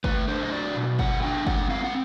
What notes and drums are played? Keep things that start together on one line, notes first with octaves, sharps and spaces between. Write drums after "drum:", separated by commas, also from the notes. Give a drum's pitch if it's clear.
A3 B4, drum: kick G1
D4 C5
D#5
F#3 D5
B2
A3 F#5, drum: kick G1
D4 G5
G#3 F#5, drum: kick G1
C4 F5
F#5